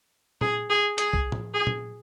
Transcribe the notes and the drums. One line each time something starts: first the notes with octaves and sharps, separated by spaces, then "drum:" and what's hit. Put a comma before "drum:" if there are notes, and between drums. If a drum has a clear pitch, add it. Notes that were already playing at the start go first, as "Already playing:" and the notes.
G#4, drum: tom A#2
G#4
G#4, drum: hi-hat
drum: kick
drum: tom A2
G#4
drum: tom A#2